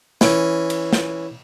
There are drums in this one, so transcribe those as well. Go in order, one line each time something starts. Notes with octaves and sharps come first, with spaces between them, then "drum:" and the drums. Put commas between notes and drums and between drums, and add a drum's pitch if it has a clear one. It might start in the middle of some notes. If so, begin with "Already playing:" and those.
E3 C#4, drum: snare
drum: cymbal
drum: snare